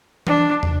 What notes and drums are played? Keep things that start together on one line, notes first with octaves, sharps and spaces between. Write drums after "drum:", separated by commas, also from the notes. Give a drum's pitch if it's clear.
D4, drum: tom E3
drum: tom